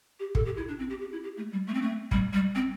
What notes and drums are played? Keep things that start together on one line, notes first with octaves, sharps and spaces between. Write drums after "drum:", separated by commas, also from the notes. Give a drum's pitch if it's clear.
G4
A4, drum: kick
G4
E4
D4
C4
G4
G4
E4
G4
A3
G3
A3
C4
A3
G3, drum: kick
G3
C4